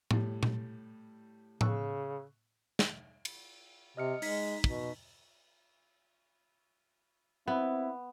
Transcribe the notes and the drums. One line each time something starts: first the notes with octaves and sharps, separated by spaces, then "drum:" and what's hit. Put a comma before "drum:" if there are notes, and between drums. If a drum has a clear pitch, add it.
A2 G3, drum: tom A2
drum: tom A#2
C#3 C#6 E6 F#6, drum: tom A2
drum: snare
drum: cymbal
C3 D#5 F6 C#7
G#3 D#4 B6, drum: open hi-hat
B2, drum: kick
B3 C4 E4